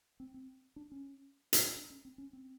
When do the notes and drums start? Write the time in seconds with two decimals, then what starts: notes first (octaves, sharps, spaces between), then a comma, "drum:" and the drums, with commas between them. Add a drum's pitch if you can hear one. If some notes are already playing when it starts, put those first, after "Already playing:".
0.20 C4
0.34 C4
0.76 D4
0.92 C#4
1.53 drum: hi-hat
1.62 C#4
1.76 D4
1.90 C#4
2.05 C4
2.18 C#4
2.33 C4